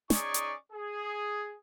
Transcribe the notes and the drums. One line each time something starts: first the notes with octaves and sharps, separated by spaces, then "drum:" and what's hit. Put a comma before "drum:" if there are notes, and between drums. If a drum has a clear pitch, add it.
C#4 D#4 G#4 D5 G#5 C#6, drum: snare
drum: hi-hat
G#4